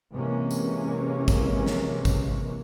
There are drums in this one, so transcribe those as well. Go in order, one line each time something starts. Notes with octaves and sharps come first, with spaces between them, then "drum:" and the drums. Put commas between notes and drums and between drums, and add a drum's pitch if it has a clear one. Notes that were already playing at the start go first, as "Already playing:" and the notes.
C3 E3 G#3 A#3 C#4
drum: tambourine
drum: kick, tambourine
drum: snare
drum: kick, tambourine